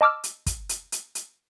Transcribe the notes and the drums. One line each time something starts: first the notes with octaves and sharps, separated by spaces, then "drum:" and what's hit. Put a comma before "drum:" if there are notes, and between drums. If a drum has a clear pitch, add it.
D#5 A5 D6 E6 F6
drum: hi-hat
drum: kick, hi-hat
drum: hi-hat
drum: hi-hat
drum: hi-hat